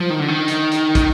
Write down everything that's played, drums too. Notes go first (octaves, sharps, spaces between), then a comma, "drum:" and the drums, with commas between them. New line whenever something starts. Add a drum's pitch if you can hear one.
F3
D#3
D3
D#3
drum: hi-hat
drum: hi-hat
drum: kick, hi-hat